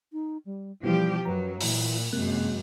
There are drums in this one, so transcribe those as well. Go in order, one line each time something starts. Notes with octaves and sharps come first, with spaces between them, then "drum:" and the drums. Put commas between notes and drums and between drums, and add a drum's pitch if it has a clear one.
D#4
G3
B2 E3 F3 G3 G4
F#2 F#3 B4 A#5
A#2 E3, drum: open hi-hat
F#2 C3 G#3 A#3 F#6